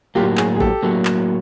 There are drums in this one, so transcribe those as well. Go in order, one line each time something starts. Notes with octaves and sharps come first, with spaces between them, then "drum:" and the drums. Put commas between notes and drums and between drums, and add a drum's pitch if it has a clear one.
A2 F#3 A#3 F4 G4
F#4 G#4, drum: clap
G#4
G4 A4, drum: kick
A2 F#3 A#3
drum: clap